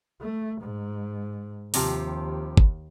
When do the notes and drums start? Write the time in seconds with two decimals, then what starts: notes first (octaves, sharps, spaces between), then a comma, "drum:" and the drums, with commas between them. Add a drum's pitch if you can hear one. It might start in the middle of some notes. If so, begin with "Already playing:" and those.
0.21 A3
0.61 G#2
1.74 D#2 C3 F3 G4, drum: open hi-hat
2.57 drum: kick